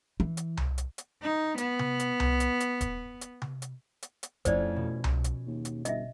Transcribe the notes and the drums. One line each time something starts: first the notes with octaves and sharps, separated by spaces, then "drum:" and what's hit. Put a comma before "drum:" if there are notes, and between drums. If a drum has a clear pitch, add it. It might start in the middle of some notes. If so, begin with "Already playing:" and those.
E3
drum: hi-hat
drum: tom C2
drum: hi-hat
drum: hi-hat
D#4
B3, drum: hi-hat
drum: tom C3
drum: hi-hat
drum: tom C2
drum: hi-hat
drum: hi-hat
drum: kick D#1, hi-hat
drum: hi-hat
drum: tom C3
drum: hi-hat
drum: hi-hat
drum: hi-hat
F2 A2 C#4 C5 D5 G#6, drum: kick D#1, hi-hat
B2
drum: tom C2
drum: hi-hat
D#2
drum: hi-hat
G1 D#5 E5, drum: hi-hat